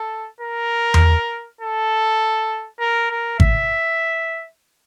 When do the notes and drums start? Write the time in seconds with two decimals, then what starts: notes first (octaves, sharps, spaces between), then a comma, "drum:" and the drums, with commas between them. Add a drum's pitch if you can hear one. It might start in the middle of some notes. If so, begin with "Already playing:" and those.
Already playing: A4
0.41 A#4
0.94 drum: tom E2
1.61 A4
2.80 A#4
3.11 A#4
3.40 E5, drum: kick